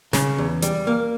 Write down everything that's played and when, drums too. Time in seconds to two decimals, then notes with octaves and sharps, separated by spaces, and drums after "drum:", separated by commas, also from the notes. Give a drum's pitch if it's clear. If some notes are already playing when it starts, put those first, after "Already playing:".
0.13 C#3, drum: snare
0.38 E2
0.62 G3, drum: hi-hat
0.87 A#3